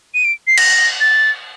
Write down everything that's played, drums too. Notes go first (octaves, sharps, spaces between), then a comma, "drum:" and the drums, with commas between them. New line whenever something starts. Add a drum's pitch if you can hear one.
D#7
D7
C7
A#6, drum: cymbal
A6